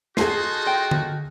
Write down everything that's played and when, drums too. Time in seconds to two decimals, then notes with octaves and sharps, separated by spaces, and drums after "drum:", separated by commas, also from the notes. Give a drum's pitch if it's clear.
0.17 D#4 F4 F#4 G#4 A4 C6 C7, drum: snare
0.67 G5
0.91 drum: tom D3